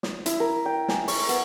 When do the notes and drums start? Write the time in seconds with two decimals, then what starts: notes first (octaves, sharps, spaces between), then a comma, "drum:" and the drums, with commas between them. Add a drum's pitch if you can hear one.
0.03 D#6, drum: snare
0.26 E4, drum: hi-hat
0.40 A#4
0.66 G5
0.88 G#5, drum: snare
1.08 C#6, drum: open hi-hat
1.29 B3, drum: hi-hat